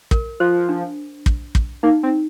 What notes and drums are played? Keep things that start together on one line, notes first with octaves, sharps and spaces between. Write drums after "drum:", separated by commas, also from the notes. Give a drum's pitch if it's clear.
A#4, drum: kick
F3 C5
D4
drum: kick
drum: kick
A#3 D#4
C4